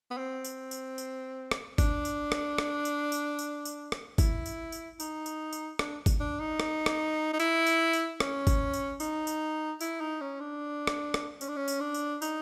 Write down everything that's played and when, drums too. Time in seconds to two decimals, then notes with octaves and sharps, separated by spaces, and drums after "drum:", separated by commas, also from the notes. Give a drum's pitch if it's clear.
0.10 B3
0.17 C4
0.45 drum: tambourine
0.71 drum: tambourine
0.98 drum: tambourine
1.51 drum: rim click
1.78 D4, drum: kick G1, tambourine
2.05 drum: tambourine
2.32 drum: rim click
2.58 drum: rim click
2.85 drum: tambourine
3.12 drum: tambourine
3.39 drum: tambourine
3.65 drum: tambourine
3.92 drum: rim click
4.18 E4, drum: kick G1, tambourine
4.46 drum: tambourine
4.72 drum: tambourine
5.00 D#4, drum: tambourine
5.26 drum: tambourine
5.53 drum: tambourine
5.79 D4, drum: rim click
6.06 drum: kick G1, tambourine
6.20 D4
6.40 D#4
6.60 drum: rim click
6.86 drum: rim click
7.33 D#4
7.39 E4, drum: tambourine
7.67 drum: tambourine
7.93 drum: tambourine
8.20 C#4, drum: rim click
8.47 drum: kick G1, tambourine
8.73 drum: tambourine
9.00 D#4, drum: tambourine
9.27 drum: tambourine
9.81 E4, drum: tambourine
10.00 D#4
10.21 C#4
10.40 D4
10.87 drum: rim click
11.14 drum: rim click
11.41 C#4, drum: tambourine
11.48 D4
11.56 C#4
11.68 drum: tambourine
11.80 D4
11.94 drum: tambourine
12.22 D#4, drum: tambourine